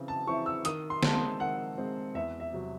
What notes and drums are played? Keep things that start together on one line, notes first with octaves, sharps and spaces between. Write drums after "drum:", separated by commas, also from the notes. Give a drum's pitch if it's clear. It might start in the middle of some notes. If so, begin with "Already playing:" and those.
Already playing: C#3 E3 C4 E4
A5
E3 C4 E4 C#6
E6
D#3 D#6, drum: hi-hat
C6
G#3 C4 A5, drum: snare
C6
D#3 F#5
G#3 C4
E2 E5
E5
C3 F#3